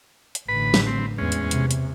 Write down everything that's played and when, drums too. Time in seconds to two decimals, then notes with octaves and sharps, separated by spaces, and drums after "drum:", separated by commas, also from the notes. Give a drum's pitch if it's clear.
0.35 drum: hi-hat
0.49 A1 D3 B4 B5
0.74 drum: snare
0.87 C4
1.18 E2 G#3 C#4
1.32 drum: hi-hat
1.51 C3, drum: hi-hat
1.71 drum: hi-hat